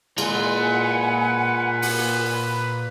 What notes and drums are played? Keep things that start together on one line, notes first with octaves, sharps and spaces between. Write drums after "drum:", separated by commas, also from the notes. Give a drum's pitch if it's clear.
A#2 G#3 F4 B4 F#5 G#5, drum: cymbal
drum: open hi-hat